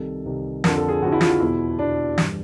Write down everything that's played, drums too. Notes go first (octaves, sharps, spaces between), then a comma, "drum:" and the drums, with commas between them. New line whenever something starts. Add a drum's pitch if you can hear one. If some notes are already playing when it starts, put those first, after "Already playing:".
Already playing: C2 C3 D#3 A4
C2 C3 D#3
F2 D3 F3 A#4, drum: snare
A4
G#4
F2 D3 F3 F#4
E4
F4, drum: snare
E2 B2 E4
E2 B2 D4
G2 E3, drum: snare